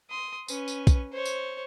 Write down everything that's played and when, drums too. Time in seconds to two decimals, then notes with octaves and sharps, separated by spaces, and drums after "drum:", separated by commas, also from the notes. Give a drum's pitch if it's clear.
0.10 C6 D#6
0.48 C#4 B4, drum: tambourine
0.68 drum: tambourine
0.87 drum: kick, tambourine
1.13 C5 C#5
1.25 drum: tambourine